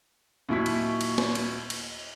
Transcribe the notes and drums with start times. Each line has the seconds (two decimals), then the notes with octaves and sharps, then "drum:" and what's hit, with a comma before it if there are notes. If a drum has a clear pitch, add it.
0.49 D#2 A#2 F#3 E4 C#6 B6
0.66 drum: cymbal
1.01 drum: cymbal
1.18 drum: snare
1.35 drum: cymbal
1.70 drum: cymbal